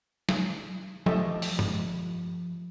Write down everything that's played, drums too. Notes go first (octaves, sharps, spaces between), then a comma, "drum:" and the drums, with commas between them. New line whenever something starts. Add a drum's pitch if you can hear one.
drum: snare
F3 A3 G4 A4 D#5 E5, drum: tom
drum: open hi-hat
drum: tom